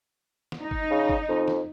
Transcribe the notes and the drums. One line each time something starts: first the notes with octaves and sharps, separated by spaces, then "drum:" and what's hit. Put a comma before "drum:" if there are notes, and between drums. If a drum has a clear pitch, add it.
drum: snare
D#4
drum: kick G1
C#3
drum: kick G1
F2
drum: snare